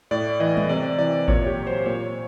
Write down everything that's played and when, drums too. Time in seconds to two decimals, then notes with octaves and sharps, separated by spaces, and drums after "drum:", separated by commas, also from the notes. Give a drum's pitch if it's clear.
0.11 A2 D5
0.40 E3 D#5
0.57 drum: tom G3
0.69 C3 D5
0.99 E3 D5
1.28 A#2 C#5, drum: kick G#1
1.47 G4
1.57 F#3
1.67 C5
1.86 A#2 C#5